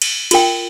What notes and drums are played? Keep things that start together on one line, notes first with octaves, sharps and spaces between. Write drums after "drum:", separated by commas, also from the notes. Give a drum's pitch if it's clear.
drum: cymbal
F4 A#4 G5, drum: cymbal